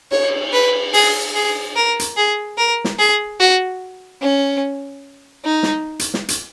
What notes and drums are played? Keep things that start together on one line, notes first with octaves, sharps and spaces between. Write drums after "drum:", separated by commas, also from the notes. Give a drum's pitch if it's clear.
C#5, drum: cymbal
B4
G#4, drum: open hi-hat
G#4
A#4
drum: hi-hat
G#4
A#4
drum: snare
G#4
F#4
C#4
D#4
drum: snare
drum: hi-hat
drum: snare
drum: hi-hat